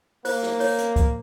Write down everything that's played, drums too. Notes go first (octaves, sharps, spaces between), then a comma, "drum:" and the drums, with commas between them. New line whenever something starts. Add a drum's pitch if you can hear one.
A#3 C5, drum: open hi-hat
drum: rim click
C#5, drum: open hi-hat
drum: hi-hat
drum: kick, hi-hat